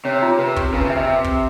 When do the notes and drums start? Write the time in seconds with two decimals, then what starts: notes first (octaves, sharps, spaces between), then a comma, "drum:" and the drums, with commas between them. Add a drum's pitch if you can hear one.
0.05 C3 C#5
0.22 F4
0.39 C3 B4
0.56 G4, drum: kick
0.73 C#3 B4
0.85 C3
0.90 E5
0.96 C3
1.24 drum: kick